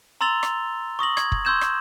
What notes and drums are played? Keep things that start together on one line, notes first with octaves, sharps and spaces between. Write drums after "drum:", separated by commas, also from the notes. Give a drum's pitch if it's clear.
A#5 C6 E6 A6 F7 G7
drum: rim click
C#6 D#6 A#6 F#7
G#6, drum: rim click
drum: kick
C6 C#6 E6 G6 G#6 E7
drum: rim click